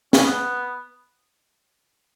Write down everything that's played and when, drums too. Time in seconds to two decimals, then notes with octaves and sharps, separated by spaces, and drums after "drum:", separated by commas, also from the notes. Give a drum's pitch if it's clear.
0.13 C#4, drum: snare
0.25 B3